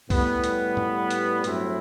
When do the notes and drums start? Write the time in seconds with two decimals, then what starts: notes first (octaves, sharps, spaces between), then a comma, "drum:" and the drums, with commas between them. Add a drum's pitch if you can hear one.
0.10 A2 G3 B3, drum: kick C2, open hi-hat
0.44 drum: hi-hat
0.77 drum: tom
1.11 drum: hi-hat
1.44 G2 F#3 A3 C4 E4, drum: hi-hat